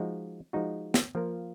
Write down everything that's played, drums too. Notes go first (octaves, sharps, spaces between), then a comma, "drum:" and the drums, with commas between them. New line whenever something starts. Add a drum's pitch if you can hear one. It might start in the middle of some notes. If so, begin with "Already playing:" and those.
Already playing: F3 G#3 D#4 F#4
F3 G#3 D#4 F#4
drum: snare
F3 A#3 F4 A#4